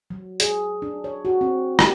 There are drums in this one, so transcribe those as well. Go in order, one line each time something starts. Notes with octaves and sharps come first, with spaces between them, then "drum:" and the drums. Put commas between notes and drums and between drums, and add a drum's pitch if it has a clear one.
F#3
G#4, drum: hi-hat
D4
C#5
F#4
C4
G4, drum: rim click